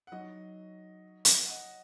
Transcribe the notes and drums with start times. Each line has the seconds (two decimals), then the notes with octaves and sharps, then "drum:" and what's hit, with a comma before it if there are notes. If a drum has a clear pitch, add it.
0.07 F#5
0.12 F#3 D#4 F#4 D#5
1.25 drum: hi-hat
1.45 F#5
1.50 D#5